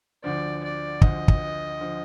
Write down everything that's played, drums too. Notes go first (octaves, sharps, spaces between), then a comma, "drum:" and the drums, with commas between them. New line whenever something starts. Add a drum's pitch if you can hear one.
D2 D3 F3 D5
D5
D2 D3 F3 D#5, drum: kick
drum: kick
D3 F3